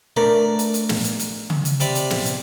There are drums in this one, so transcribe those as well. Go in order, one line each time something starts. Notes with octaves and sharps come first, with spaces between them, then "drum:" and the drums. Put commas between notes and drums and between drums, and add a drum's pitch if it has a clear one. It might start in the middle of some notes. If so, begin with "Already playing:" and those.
A3 D4 A#4 B4 D5
drum: hi-hat
drum: hi-hat
drum: snare
drum: hi-hat
drum: hi-hat
drum: tom C#3
drum: hi-hat
C3 D5 B5, drum: hi-hat
drum: hi-hat
drum: snare
drum: hi-hat